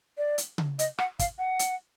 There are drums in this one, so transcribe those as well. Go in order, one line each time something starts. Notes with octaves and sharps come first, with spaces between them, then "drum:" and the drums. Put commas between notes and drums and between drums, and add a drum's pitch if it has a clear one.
D5
drum: hi-hat
drum: tom C#3
D#5, drum: hi-hat
F#5, drum: rim click
F5, drum: kick, hi-hat
F#5
drum: hi-hat